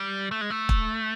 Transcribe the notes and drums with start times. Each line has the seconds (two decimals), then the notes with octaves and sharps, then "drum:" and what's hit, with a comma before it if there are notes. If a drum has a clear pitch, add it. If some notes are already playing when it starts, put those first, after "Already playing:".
Already playing: G3
0.31 A3
0.41 G#3
0.50 A3
0.69 drum: kick